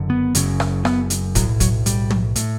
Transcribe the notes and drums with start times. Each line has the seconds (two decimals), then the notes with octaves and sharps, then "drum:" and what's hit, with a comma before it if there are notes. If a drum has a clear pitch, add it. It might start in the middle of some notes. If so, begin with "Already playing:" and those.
Already playing: F#1 F#2 D3
0.10 B3
0.35 F#1 F#2 C#3, drum: hi-hat
0.60 drum: rim click
0.85 B3, drum: rim click
1.10 drum: hi-hat
1.35 B1 A2 F#3, drum: kick, hi-hat
1.60 F#3, drum: kick, hi-hat
1.86 G3, drum: hi-hat
2.10 drum: tom
2.36 A2, drum: hi-hat